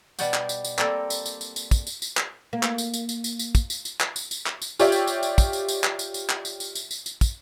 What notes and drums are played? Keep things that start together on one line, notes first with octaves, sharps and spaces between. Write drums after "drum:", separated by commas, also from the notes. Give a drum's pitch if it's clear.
B2 G3 D5 F#5 G5, drum: tambourine
drum: clap
drum: tambourine
drum: tambourine
G3 A#3 C4 A4 A#4 D5, drum: clap
drum: tambourine
drum: tambourine
drum: tambourine
drum: tambourine
drum: kick, tambourine
drum: tambourine
drum: tambourine
drum: clap
A#3
drum: clap
drum: tambourine
drum: tambourine
drum: tambourine
drum: tambourine
drum: tambourine
drum: kick, tambourine
drum: tambourine
drum: tambourine
drum: clap
drum: tambourine
drum: tambourine
drum: clap
drum: tambourine
F4 G4 C#5 D5 E5 G5, drum: tambourine
drum: tambourine
drum: tambourine
drum: tambourine
drum: kick, tambourine
drum: tambourine
drum: tambourine
drum: clap
drum: tambourine
drum: tambourine
drum: clap
drum: tambourine
drum: tambourine
drum: tambourine
drum: tambourine
drum: tambourine
drum: kick, tambourine